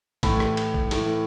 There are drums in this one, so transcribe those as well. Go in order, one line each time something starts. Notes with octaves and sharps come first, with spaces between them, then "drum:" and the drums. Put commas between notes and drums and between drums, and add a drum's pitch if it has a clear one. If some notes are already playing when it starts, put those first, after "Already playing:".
A2 E3 A3 B5, drum: kick A1, cymbal
drum: rim click
drum: cymbal
drum: kick A1
A2 E3 A3, drum: cymbal